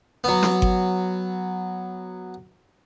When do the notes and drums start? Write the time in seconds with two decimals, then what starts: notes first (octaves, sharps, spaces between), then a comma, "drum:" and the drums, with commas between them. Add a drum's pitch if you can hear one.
0.24 F#3 B3
0.43 drum: snare
0.62 drum: kick G1